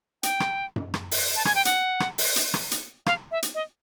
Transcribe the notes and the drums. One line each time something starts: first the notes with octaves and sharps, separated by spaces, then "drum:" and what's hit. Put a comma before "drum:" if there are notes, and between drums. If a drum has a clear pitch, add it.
G5, drum: hi-hat
drum: rim click
drum: tom F#2
drum: rim click
drum: open hi-hat
A5
G#5, drum: rim click
G5
F#5, drum: hi-hat
drum: rim click
drum: open hi-hat
drum: hi-hat
drum: rim click
drum: hi-hat
F5, drum: rim click
E5
drum: hi-hat
D#5